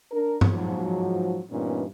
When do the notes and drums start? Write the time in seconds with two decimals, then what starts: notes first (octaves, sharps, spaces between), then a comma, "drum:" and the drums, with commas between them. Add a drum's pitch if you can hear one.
0.11 D4 A#4
0.41 drum: tom G2
0.52 G#2 F3 F#3
1.51 G2 A#2 E3 B3 C#4 D#4